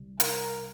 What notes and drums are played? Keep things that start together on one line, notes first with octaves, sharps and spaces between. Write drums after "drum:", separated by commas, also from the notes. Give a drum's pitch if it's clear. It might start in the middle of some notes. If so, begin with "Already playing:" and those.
Already playing: C2 C3 G3
A#4, drum: hi-hat